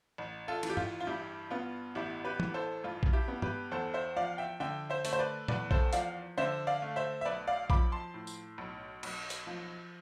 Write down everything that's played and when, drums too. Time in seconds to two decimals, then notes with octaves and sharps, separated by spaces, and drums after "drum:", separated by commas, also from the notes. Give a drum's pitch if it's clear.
0.18 A1
0.48 F4 A4
0.63 E3, drum: cymbal
0.70 G4
0.77 F4, drum: tom
1.01 F4
1.07 G2 E4 G4
1.51 B3 F4
1.95 A1 E4 G4
2.25 G4 B4
2.40 E3, drum: tom
2.54 A4 C5
2.84 G2 F4
3.03 drum: kick A#1
3.13 E4 G4
3.28 B3
3.42 G4 B4, drum: tom
3.72 E2 A4 C5
3.94 C5 E5
4.16 F3 D5 F5
4.38 E5 G5
4.60 D3 E5 G5
4.90 C5 E5
5.05 A3, drum: hi-hat
5.13 C5
5.19 B4 D5
5.48 E2 B4 D5, drum: tom A#2
5.71 A4 C5, drum: kick A#1
5.93 F3 D5 F5, drum: hi-hat
6.38 D3 C5 E5
6.67 D5 F5
6.82 A3
6.96 C5 E5
7.21 E5
7.25 B1 B4 D5
7.47 D5 F5
7.70 F3 B5 D6, drum: kick A#1
7.92 A5 C6
8.14 A2
8.27 drum: tambourine
8.58 B1
9.03 B1, drum: cymbal
9.30 drum: hi-hat
9.47 F3